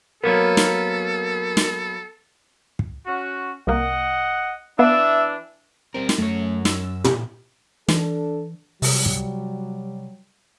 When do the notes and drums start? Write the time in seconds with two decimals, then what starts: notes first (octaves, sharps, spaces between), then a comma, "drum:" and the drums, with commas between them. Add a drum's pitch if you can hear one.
0.24 F#3 A#3 B3 A4 A#4
0.57 drum: snare
1.57 drum: snare
2.79 drum: kick
3.06 C#4 F#4
3.67 C2 A#3 D#5 F#5
4.79 E3 B3 D4 E5 F5
5.94 G3 C4 A#4
6.09 drum: snare
6.18 F#2 A3 C#5
6.65 E6, drum: snare
7.04 G4, drum: tom
7.88 E3 D4 A4, drum: snare
8.82 C3 F#3 G3, drum: open hi-hat
9.06 drum: kick